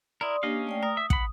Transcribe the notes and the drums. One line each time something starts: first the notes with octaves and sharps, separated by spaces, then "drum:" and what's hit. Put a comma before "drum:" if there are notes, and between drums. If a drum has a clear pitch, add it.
E4 A#4 D5 C6 D#6
A#3 C#4 D4 G4 D#5 F5
A3 D5 G5
A#4 D#6
E5
F#5 B5, drum: kick